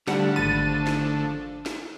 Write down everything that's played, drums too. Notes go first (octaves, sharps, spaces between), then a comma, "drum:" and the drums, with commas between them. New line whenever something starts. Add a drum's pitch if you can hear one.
D3 F3 G3 A3 D4 F#5, drum: snare
G#1 B5 A6 D#7
drum: snare
drum: snare